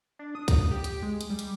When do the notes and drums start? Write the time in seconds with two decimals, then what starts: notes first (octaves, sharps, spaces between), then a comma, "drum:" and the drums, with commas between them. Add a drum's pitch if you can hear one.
0.19 D4
0.35 D#6
0.48 drum: kick C2, hi-hat
0.71 G4
0.84 drum: hi-hat
1.02 G#3
1.21 drum: hi-hat
1.30 G3
1.39 drum: hi-hat